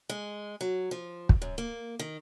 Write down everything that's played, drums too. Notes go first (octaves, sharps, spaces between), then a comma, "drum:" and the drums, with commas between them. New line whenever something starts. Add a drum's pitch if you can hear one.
G#3
F#3
F3
drum: kick
F#2
A#3
D#3